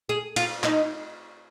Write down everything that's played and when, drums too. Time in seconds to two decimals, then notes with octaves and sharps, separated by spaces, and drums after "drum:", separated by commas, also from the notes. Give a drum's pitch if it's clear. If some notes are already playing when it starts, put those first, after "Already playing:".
0.09 G#4
0.36 F4, drum: cymbal
0.64 D#4, drum: clap